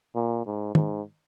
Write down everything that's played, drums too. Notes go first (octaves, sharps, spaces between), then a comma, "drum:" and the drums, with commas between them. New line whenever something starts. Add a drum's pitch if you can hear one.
A#2
G#2
G#2, drum: tom